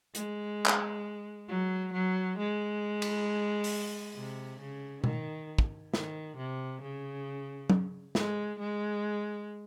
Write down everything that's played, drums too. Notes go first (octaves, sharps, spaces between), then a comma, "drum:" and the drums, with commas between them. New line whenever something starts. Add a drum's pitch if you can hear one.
G#3, drum: hi-hat
drum: clap
F#3
F#3
G#3
drum: cymbal
drum: open hi-hat
C3
C#3
D#3, drum: tom B2
drum: kick
D#3, drum: snare
C3
C#3
drum: tom
G#3, drum: snare
G#3